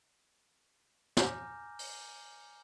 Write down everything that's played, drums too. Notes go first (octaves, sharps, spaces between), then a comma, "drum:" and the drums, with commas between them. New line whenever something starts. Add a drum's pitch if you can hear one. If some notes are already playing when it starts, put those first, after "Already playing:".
G#5 A#5 D6 F6 G6 A#6, drum: snare
drum: open hi-hat